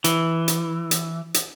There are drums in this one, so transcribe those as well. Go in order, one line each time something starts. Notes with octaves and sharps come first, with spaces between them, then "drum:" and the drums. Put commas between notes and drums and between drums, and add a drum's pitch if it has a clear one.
E3, drum: hi-hat
drum: hi-hat
drum: hi-hat
drum: hi-hat